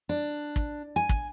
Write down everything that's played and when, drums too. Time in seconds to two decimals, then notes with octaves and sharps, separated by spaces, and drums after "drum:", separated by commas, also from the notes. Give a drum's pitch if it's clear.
0.09 D4
0.56 drum: kick
0.96 G#5
1.09 drum: kick